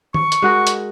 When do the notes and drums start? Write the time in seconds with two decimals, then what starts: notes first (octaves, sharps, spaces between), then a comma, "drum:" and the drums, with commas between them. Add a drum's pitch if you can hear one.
0.14 C#6, drum: tom D#3
0.32 drum: hi-hat
0.42 G#3 F#4 A#4
0.67 drum: hi-hat